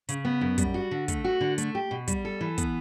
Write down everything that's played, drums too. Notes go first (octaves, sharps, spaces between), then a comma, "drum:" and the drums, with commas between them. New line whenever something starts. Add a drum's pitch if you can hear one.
C#3, drum: hi-hat
B3
F#2
G3, drum: kick, hi-hat
F#4
D3
A3, drum: kick, hi-hat
F#4
D3
A3, drum: hi-hat
G4
B2
G3, drum: kick, hi-hat
A4
E3
B3, drum: kick, hi-hat